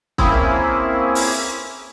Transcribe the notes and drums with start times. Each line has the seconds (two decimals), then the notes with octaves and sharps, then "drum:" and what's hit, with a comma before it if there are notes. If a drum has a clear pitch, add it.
0.18 A#3 C4 C#4 E4 G#4, drum: kick
1.15 drum: open hi-hat